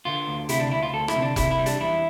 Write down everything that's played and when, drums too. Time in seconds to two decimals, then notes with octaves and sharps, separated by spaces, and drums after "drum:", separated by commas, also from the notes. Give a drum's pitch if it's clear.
0.05 D3 F4
0.27 D2
0.49 C3 E4, drum: hi-hat
0.60 D4
0.71 D2 E4
0.83 F4
0.93 D2 A4
1.08 E4, drum: rim click
1.15 C3
1.22 D4
1.36 C3 E4, drum: kick F1, hi-hat
1.51 E4
1.58 G3
1.66 D4, drum: hi-hat
1.80 E2 E4